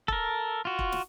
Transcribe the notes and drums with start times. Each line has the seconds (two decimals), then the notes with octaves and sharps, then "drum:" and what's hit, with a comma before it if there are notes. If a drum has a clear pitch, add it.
0.08 A4 A#4, drum: kick
0.65 F4 F#4
0.79 drum: kick
0.92 drum: snare